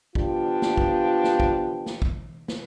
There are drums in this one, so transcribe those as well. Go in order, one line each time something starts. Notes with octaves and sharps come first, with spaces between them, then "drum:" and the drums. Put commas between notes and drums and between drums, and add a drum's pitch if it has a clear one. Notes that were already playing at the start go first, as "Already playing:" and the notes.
F3 B3 D4 F4 G4, drum: kick
drum: snare
drum: kick
drum: snare
drum: kick
drum: snare
drum: kick
drum: snare